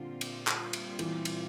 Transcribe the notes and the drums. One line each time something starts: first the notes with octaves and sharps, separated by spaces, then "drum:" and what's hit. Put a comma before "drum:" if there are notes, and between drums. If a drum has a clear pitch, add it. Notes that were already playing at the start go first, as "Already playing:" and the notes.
Already playing: A#2 D3 G3 C4 F4
drum: cymbal
drum: clap
drum: cymbal
E3, drum: cymbal
drum: cymbal